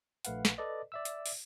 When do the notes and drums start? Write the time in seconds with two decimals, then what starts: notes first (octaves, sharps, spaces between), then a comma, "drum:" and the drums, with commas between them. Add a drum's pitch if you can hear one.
0.25 A#1 A3 B4 F5 F#5, drum: hi-hat
0.45 drum: snare
0.58 A4 B4 D5 D#5
0.92 D5 E5 E6
1.05 drum: hi-hat
1.26 drum: open hi-hat